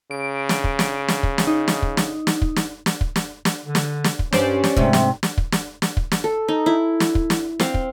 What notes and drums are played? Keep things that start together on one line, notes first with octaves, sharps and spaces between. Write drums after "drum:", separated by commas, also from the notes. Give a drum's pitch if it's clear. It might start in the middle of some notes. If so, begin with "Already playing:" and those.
C#3 D7
drum: snare
drum: kick
drum: snare
drum: snare
drum: kick
drum: snare
D#4
drum: snare
drum: kick
drum: snare
drum: snare
drum: kick
drum: snare
drum: snare
drum: kick
drum: snare
drum: snare
D3
drum: snare
drum: snare
drum: kick
G2 C#4 G4 C5 D5, drum: snare
drum: snare
G#2 C3 A3, drum: kick
drum: snare
drum: snare
drum: kick
drum: snare
drum: snare
drum: kick
drum: snare
A4
D#4
E4
drum: snare
drum: kick
drum: snare
C4 F5, drum: snare
drum: kick